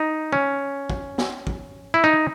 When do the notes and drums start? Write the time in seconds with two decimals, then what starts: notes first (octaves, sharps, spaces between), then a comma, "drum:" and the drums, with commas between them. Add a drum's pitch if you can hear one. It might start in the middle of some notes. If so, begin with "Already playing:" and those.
Already playing: D#4
0.33 C#4
0.90 drum: kick
1.18 drum: snare
1.47 drum: kick
1.94 E4
2.04 D#4